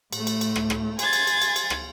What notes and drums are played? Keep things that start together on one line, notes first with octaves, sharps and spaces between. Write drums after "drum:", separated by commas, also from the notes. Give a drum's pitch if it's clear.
A2 A3, drum: cymbal
drum: cymbal
drum: cymbal
drum: rim click
drum: rim click
G#5 C6 G#6 A6, drum: cymbal
drum: cymbal
drum: cymbal
drum: cymbal
drum: cymbal
drum: rim click